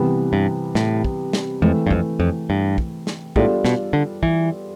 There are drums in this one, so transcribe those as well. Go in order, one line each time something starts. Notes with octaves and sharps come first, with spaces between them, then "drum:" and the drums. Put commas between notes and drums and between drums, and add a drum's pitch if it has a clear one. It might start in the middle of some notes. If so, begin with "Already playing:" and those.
Already playing: C3 E3 G3 B3
G2
A2, drum: snare
drum: kick
drum: snare
F2 E3 A3 C4
G2
F2, drum: kick
F2
G2
drum: kick
drum: snare
A2 G3 B3 D4 F4 A4, drum: kick
B2, drum: snare
D3
E3, drum: kick